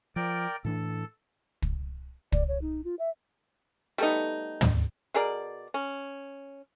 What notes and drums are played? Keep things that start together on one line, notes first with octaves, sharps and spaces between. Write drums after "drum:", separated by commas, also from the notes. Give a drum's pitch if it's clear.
F3 A#4 D5 G5
A2 E3 D4 A4
drum: kick
D5, drum: kick
C#5
D#4
F4
E5
G3 A3 B3 D#4
drum: tom
B2 G#4 A#4 D5
C#4